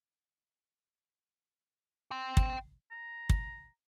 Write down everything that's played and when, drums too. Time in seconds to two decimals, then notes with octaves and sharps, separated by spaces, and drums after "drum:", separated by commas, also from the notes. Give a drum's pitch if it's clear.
2.11 G5 C6
2.37 drum: kick
2.91 A#5
3.29 drum: kick